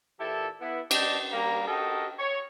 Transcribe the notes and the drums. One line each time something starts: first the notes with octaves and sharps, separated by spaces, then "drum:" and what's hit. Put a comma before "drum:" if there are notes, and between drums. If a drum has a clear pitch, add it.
A#2 E3 E4 G4 A4
B3 E4
G3 D4 G4 D#5 G5 A5, drum: cymbal
G3 A#3 A#5
F#4 G4 A4 A#4 D#5
C#5